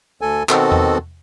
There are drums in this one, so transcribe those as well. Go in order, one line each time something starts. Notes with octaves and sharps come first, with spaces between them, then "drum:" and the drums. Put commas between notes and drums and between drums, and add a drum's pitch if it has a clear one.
D2 A4 G#5
B2 D#3 B3 C4 F#4 A4, drum: clap
drum: tom E2